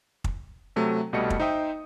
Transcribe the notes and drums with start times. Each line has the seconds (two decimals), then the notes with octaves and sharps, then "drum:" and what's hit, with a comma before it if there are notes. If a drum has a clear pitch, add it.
0.24 drum: kick
0.76 C3 F#3 A3
1.13 C2 B2 G3 A3 D#5 C#7
1.30 drum: kick
1.40 D#4 C5 E5 G5 D#6